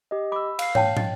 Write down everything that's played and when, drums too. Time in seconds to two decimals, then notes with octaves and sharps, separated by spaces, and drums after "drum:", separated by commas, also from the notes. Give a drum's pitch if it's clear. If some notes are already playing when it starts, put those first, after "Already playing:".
0.11 G4 D#5
0.32 B5 D6 E6
0.59 F5 C7, drum: cymbal
0.75 C#5 G5 A5, drum: tom
0.97 D#5, drum: tom